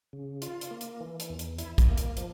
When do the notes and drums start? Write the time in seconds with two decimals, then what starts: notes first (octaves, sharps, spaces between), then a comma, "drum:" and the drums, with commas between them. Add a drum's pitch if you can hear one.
0.13 C#3
0.42 F4, drum: hi-hat
0.61 drum: hi-hat
0.71 A#3
0.81 drum: hi-hat
1.01 E3
1.20 drum: hi-hat
1.30 E2
1.39 drum: hi-hat
1.58 E4, drum: hi-hat
1.78 drum: kick, hi-hat
1.88 A#3
1.98 drum: hi-hat
2.17 F3, drum: hi-hat